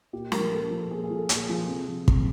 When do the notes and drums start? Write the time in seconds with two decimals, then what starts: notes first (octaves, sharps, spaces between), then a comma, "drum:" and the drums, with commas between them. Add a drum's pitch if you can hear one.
0.13 A#2 G4
0.32 F3 A#4, drum: snare
0.52 A#2 A4
0.71 F3
0.91 A#2 G#4
1.04 G#4
1.11 F3
1.16 A4
1.29 A#2 G#4, drum: hi-hat
1.49 F3
1.68 C3
1.88 F3
2.08 C3, drum: kick